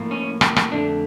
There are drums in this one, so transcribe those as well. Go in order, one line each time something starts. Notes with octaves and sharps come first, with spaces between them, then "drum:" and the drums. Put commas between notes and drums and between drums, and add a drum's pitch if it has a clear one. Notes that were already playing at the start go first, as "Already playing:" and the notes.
Already playing: A2 F3 A#3
C#4
drum: rim click
drum: rim click
F2 D3 A3 D4